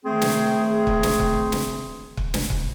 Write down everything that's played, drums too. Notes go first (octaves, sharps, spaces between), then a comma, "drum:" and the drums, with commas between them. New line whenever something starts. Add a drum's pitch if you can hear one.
D#3 A3 C4 G#4
drum: snare
drum: kick
drum: snare
drum: kick
drum: snare
drum: kick
drum: snare
drum: kick